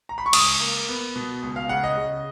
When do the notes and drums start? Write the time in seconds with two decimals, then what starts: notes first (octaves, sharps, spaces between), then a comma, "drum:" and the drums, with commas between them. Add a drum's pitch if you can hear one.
0.09 A#5
0.18 B5
0.26 C#6
0.33 C#2 D#6, drum: cymbal
0.60 A#3
0.88 B3
1.16 B2
1.43 C#2
1.56 F5
1.69 C#3 F#5
1.84 D#5
1.98 C#3